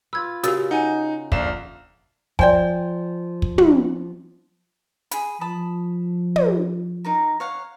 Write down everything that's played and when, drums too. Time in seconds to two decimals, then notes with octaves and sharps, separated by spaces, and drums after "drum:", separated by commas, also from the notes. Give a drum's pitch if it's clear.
0.13 F4 B4 E6 G#6
0.43 C#3 F#4 G4 A#4 E6 A6, drum: hi-hat
0.71 D#4 F#5 G#5
1.32 A#1 D3 A#3 F5 E7, drum: kick
2.39 F3 C5 D5 G5 G#5, drum: kick
3.42 drum: kick
3.58 drum: tom
5.11 G#4 B5, drum: hi-hat
5.41 F3 A5 B5 D#6
6.36 drum: tom
7.04 D#4 A#4 A#5
7.40 C#5 F5 F#5